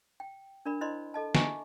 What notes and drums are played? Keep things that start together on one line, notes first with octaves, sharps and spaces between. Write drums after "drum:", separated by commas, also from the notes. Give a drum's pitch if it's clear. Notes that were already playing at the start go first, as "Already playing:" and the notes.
G5
D4 A#4 D5 B5
E4 C5 D5 D#5 B5 C6
A4 D#5 A5
D#5 E5 G#5 A#5 C#6 D6, drum: snare